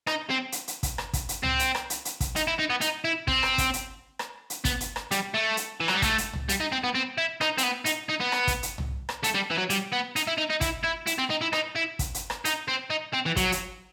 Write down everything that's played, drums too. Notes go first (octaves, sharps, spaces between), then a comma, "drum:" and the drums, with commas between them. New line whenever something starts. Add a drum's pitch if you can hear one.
D#4, drum: rim click
C4
drum: hi-hat
drum: hi-hat
drum: kick, hi-hat
drum: rim click
drum: kick, hi-hat
drum: hi-hat
C4, drum: tom
drum: hi-hat
drum: rim click
drum: hi-hat
drum: hi-hat
drum: kick, hi-hat
D#4, drum: hi-hat
E4
D#4
B3
D#4, drum: hi-hat
E4
C4, drum: kick
drum: rim click
drum: kick, hi-hat
drum: hi-hat
drum: rim click
drum: hi-hat
B3, drum: kick, hi-hat
drum: hi-hat
drum: rim click
G3, drum: hi-hat
A3
drum: hi-hat
E3
F#3, drum: rim click
G3
A3, drum: kick, hi-hat
drum: hi-hat
drum: tom
G3, drum: hi-hat
D#4
C4
B3
C4
E4
D#4, drum: rim click
C4, drum: hi-hat
B3
D#4, drum: hi-hat
D#4
B3
drum: rim click
drum: kick, hi-hat
drum: hi-hat
drum: tom
drum: rim click
A3, drum: hi-hat
G3
E3
F#3
G3, drum: hi-hat
B3
D#4, drum: hi-hat
E4
D#4
D#4
E4, drum: kick, hi-hat
E4
E4, drum: hi-hat
C4
D#4
E4
D#4, drum: rim click
E4
drum: kick, hi-hat
drum: hi-hat
drum: rim click
D#4, drum: hi-hat
C4
D#4
C4
E3
F#3, drum: kick, hi-hat
drum: hi-hat